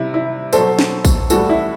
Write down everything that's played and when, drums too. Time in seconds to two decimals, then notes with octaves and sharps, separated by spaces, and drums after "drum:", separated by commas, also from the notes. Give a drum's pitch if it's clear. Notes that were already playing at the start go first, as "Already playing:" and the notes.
Already playing: C3 G3 E4
0.14 E4
0.53 B2 F#3 A4 C5, drum: tambourine
0.79 drum: snare
1.05 drum: kick, tambourine
1.30 A2 E3 G3 F#4 A4, drum: tambourine
1.49 E4